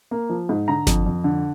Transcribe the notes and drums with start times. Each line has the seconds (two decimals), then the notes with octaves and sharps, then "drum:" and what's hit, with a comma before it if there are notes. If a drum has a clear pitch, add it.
0.11 A#3
0.29 F3
0.49 G#2
0.68 D3 A#5
0.87 F2, drum: snare G1
1.06 F2
1.24 D3